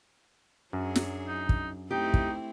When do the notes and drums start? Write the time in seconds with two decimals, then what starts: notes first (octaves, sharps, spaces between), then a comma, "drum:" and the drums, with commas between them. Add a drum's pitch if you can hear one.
0.73 F#2 F#3 D4 G#4
0.96 drum: snare
1.27 D#4
1.49 drum: kick
1.91 A3 C4 D#4 E4 G4
2.14 drum: kick